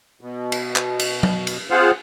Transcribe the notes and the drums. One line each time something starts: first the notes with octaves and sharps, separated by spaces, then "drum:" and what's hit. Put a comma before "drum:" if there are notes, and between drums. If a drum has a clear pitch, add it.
B2
drum: cymbal
drum: clap
drum: cymbal
drum: tom
drum: cymbal
C4 F4 G#4 C5 F5 F#5